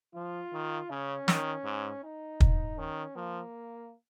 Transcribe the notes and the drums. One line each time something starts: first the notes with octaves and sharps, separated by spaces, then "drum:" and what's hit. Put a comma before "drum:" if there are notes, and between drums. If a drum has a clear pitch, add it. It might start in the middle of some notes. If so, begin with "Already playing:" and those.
F3 F4
D#3
C#3 C#4
D#3, drum: snare
G#2
D#4
drum: kick
D#3 C#4
F3 A#3